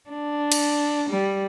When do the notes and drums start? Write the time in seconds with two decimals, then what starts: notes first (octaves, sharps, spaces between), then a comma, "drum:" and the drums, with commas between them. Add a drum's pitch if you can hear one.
0.10 D4
0.52 drum: cymbal
1.10 G3